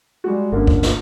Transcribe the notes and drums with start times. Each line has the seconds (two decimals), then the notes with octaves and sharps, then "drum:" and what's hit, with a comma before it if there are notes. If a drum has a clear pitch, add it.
0.24 G3 G#3 F#4
0.52 G1 F#2 D3 A#3
0.67 drum: kick C#2
0.83 drum: snare